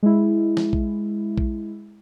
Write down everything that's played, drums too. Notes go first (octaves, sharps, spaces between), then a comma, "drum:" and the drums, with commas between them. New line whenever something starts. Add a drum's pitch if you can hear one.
G#3 E4
drum: snare
drum: kick A#1
drum: kick A#1